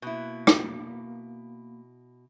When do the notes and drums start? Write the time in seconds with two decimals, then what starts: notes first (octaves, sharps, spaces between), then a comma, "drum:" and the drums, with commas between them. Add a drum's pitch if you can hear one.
0.02 B2 A#3 E4
0.47 drum: rim click